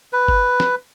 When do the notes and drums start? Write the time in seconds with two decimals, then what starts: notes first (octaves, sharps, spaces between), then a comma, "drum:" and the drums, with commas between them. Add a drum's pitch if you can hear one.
0.13 B4
0.28 drum: kick G1
0.60 drum: snare